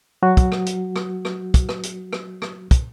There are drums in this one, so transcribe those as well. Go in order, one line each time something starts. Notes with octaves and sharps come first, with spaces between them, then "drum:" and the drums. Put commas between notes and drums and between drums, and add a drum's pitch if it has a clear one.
F#3 F#4
drum: kick, hi-hat
drum: rim click
drum: hi-hat
drum: rim click
drum: rim click
drum: kick, hi-hat
drum: rim click
drum: hi-hat
drum: rim click
drum: rim click
drum: kick, hi-hat